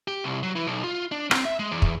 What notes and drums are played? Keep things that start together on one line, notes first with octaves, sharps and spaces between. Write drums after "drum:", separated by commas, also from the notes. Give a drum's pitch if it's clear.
G4
C2
F#3
E3
B1
F4
D4
C4, drum: rim click
E5
G#3
E2
drum: kick